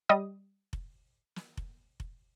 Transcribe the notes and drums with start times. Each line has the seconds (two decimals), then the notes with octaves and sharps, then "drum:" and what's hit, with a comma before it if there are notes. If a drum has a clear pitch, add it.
0.09 G3 D#5 D#6
0.73 drum: kick F1
1.36 drum: snare
1.57 drum: kick F1
2.00 drum: kick F1